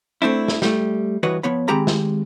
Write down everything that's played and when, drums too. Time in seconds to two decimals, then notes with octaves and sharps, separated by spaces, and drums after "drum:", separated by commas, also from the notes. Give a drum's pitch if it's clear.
0.22 A3 C4 D4 E4
0.48 drum: snare
0.62 G3 A3, drum: snare
1.23 G2 E3 F#4 B4 C#5 D#5
1.43 F3 B3 C#5 B5
1.68 D#3 G#3 C4 G4 A#5 B5
1.87 drum: snare